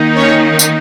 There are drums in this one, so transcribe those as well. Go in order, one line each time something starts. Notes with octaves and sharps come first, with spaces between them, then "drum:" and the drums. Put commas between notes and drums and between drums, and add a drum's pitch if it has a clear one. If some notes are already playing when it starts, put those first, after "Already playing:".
Already playing: D#3 A#3 D#4
C#4 C#5
drum: tambourine